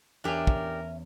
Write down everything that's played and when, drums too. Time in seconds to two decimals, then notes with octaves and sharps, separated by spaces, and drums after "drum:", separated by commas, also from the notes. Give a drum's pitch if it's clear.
0.24 E2 C#4 D4 G4 A#4 E5 G5 G#5
0.47 drum: kick